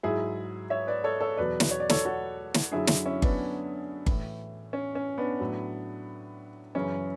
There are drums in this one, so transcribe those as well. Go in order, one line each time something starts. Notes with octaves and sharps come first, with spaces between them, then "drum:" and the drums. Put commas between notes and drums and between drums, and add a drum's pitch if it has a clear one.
G#2 F#3 E4 G#4
C#5 E5
B4 D5
A4 C#5
A4 C#5
E2 B2 F#3 B4 D5
drum: snare
C#5
D5
A4 C#5, drum: snare
F#4 A4
drum: snare
F#2 D3 F#3 E4 G#4
drum: snare
C#4 E4
B3 D4, drum: kick G1
A2 E3, drum: kick G1
C#4
C#4
B3 D4
A2 F#3
F#2 C#3 E3 C#4